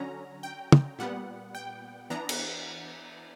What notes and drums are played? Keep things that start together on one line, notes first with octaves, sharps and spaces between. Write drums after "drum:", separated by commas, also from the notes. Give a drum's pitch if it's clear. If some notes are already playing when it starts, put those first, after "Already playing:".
Already playing: D3 F#3 C#4 A#5
G5
drum: tom
A#2 G3 B3 F#5
G5
E3 B3 D4 A#5
drum: cymbal